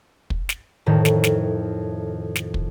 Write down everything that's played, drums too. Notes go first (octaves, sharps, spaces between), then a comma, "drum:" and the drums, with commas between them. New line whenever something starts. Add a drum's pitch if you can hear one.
drum: kick
drum: snare
F2 A2 D#3
drum: snare
drum: snare
drum: snare
drum: kick